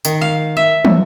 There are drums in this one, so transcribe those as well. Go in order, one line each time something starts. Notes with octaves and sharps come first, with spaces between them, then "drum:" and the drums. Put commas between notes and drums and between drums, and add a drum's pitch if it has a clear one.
D#3, drum: tambourine
F5
E5
drum: tom